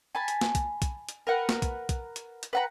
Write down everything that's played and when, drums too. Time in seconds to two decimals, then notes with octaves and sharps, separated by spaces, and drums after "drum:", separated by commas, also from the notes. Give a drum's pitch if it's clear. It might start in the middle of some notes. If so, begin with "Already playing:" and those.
0.15 G#5 A5 B5
0.28 drum: hi-hat
0.41 drum: snare
0.55 drum: kick, hi-hat
0.82 drum: kick, hi-hat
1.09 drum: hi-hat
1.27 A#4 B4 F#5
1.49 drum: snare
1.62 drum: kick, hi-hat
1.89 drum: kick, hi-hat
2.16 drum: hi-hat
2.43 drum: hi-hat
2.53 B4 F#5 A#5